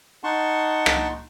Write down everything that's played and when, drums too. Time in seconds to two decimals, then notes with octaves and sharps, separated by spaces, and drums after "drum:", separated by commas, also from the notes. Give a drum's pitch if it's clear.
0.24 D#4 F#5 A5 C6 C#6
0.86 drum: rim click